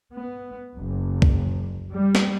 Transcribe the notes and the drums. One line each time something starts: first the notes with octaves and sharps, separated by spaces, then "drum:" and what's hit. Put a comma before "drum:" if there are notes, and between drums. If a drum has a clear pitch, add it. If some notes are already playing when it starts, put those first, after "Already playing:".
B3
F#1
drum: kick C2
G3
drum: snare